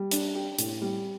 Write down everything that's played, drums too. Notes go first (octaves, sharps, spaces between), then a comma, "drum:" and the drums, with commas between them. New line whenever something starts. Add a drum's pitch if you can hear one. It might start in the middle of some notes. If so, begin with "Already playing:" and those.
Already playing: G3
D4, drum: hi-hat
G4
A2, drum: hi-hat
G3